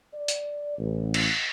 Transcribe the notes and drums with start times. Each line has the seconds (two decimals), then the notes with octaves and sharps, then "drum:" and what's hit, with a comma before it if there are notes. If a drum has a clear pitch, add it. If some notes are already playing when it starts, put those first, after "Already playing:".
0.14 D5
0.28 drum: hi-hat
0.79 A1
1.14 drum: cymbal